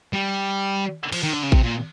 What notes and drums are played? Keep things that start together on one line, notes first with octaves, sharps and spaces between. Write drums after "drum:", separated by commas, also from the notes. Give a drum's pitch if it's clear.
G3
F3, drum: cymbal
D#3
D3
C#3
C3, drum: kick A1
A#2